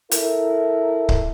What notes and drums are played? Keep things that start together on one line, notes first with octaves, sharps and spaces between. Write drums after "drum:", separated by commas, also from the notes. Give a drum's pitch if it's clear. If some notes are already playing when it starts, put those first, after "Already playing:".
E4 A4 A#4, drum: hi-hat
drum: kick C#1